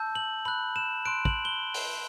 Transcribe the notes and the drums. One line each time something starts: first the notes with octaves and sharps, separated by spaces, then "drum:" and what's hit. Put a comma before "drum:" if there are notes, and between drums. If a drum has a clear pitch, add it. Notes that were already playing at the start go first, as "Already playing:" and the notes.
Already playing: A5 E6 G6
F#7
B5 F#6 F#7
E7
C6 F#6 D7
F#7, drum: kick
G7
drum: open hi-hat